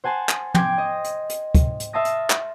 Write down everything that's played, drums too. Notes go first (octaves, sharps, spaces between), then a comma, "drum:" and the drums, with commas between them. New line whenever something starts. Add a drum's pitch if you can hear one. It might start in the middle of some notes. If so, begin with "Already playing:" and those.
C5 F#5 G#5 A5 C6
drum: clap
G5 C6 D6 G#6 C7, drum: tom
D#5
drum: hi-hat
drum: hi-hat
drum: kick, hi-hat
drum: hi-hat
E5 F5 A5 C6 D#6 A#6
drum: hi-hat
drum: clap